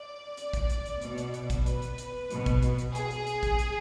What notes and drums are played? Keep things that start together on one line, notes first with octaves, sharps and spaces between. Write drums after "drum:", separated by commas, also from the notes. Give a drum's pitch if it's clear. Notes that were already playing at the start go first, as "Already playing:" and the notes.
Already playing: D5
drum: hi-hat
drum: kick, hi-hat
drum: hi-hat
drum: hi-hat
B2, drum: hi-hat
drum: hi-hat
drum: hi-hat
drum: kick, hi-hat
B4, drum: hi-hat
drum: hi-hat
drum: hi-hat
B2, drum: hi-hat
drum: kick, hi-hat
drum: hi-hat
drum: hi-hat
G#4, drum: hi-hat
drum: hi-hat
drum: hi-hat
drum: kick, hi-hat
drum: hi-hat